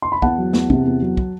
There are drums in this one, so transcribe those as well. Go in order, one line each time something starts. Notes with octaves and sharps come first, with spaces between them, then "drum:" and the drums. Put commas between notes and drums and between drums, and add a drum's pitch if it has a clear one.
C6
B5
E2 F#5 A5, drum: kick
F#3
E2, drum: snare
C3, drum: kick
E2
F#3
drum: kick